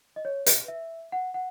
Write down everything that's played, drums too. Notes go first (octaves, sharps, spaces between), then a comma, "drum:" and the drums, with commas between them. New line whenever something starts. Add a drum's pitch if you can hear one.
D#5
C#5
B4, drum: hi-hat
E5
F#5
F#5